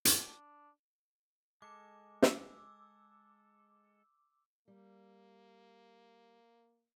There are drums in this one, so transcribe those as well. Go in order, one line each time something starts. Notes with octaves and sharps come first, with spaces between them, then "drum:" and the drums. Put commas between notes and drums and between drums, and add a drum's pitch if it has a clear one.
drum: hi-hat
D4
G#3 A4 D6
D6 E6, drum: snare
G3 A#3